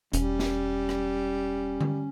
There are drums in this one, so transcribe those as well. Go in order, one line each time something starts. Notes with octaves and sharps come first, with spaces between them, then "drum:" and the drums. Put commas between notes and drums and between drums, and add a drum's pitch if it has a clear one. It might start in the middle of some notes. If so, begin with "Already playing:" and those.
E1 G3 C#4, drum: hi-hat
drum: snare
drum: rim click
drum: tom D3